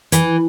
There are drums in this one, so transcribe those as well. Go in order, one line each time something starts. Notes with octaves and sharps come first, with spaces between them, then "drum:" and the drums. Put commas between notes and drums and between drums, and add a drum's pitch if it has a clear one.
E3, drum: hi-hat